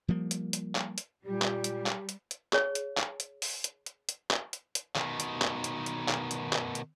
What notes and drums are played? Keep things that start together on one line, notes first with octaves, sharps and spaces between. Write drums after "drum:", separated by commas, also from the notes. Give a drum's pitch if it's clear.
F3 G3 A#3
drum: hi-hat
drum: hi-hat
drum: clap
drum: hi-hat
A#2 G3 G4
drum: clap
drum: hi-hat
drum: clap
drum: hi-hat
drum: hi-hat
G#4 C#5, drum: clap
drum: hi-hat
drum: clap
drum: hi-hat
drum: open hi-hat
drum: hi-hat
drum: hi-hat
drum: hi-hat
drum: clap
drum: hi-hat
drum: hi-hat
B2 D#3, drum: clap
drum: hi-hat
drum: clap
drum: hi-hat
drum: hi-hat
drum: clap
drum: hi-hat
drum: clap
drum: hi-hat